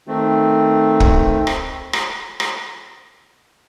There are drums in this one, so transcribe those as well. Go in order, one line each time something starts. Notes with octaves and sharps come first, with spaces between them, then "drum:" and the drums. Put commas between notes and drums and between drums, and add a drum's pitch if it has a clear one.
D#3 A3 C4
drum: kick
drum: rim click
drum: rim click
drum: rim click